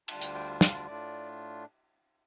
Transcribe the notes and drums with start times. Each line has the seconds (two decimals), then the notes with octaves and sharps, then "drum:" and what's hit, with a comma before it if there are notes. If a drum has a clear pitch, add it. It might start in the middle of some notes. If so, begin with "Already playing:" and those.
0.08 D2 D3 G3 D4 F4 A5, drum: cymbal
0.22 G5, drum: hi-hat
0.34 G5
0.61 F5, drum: snare
0.74 D5
0.87 A2 A3 D4 F4 D5